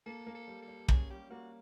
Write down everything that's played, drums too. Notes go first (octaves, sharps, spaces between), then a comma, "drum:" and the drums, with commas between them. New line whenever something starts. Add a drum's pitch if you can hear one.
A#3 A4
A#3
A4
G3
A4
G3
C#4 G#4, drum: kick
G3 G4
A#3 F#4